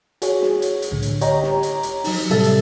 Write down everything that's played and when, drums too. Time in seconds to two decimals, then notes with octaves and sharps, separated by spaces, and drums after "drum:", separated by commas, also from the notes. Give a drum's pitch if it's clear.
0.22 F#4 G#4 C#5, drum: hi-hat
0.42 drum: snare
0.62 drum: hi-hat
0.82 drum: hi-hat
0.91 C2 A2 D3
1.02 drum: hi-hat
1.21 G4 C#5 D#5 G5 A#5, drum: hi-hat
1.43 drum: snare
1.63 drum: hi-hat
1.83 drum: hi-hat
2.04 F#3 D#4, drum: open hi-hat
2.30 A2 C3 G3 A4 E5 A6
2.44 drum: hi-hat